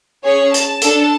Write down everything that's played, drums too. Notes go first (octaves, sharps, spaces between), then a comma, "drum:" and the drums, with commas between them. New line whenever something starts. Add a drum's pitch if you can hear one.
C#4 G#4 C#5
A5, drum: hi-hat
D4 A4, drum: hi-hat